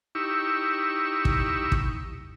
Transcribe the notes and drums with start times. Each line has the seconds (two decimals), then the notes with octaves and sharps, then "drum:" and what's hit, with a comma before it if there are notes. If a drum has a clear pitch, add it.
0.15 D#4 E4 G4 C#6 E6
1.25 drum: kick
1.72 drum: kick